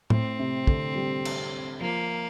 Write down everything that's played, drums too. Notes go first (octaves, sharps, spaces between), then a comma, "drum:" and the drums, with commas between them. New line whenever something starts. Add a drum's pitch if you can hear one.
A2 C4, drum: tom
C3
D3, drum: kick
G3
drum: cymbal
F3 A#3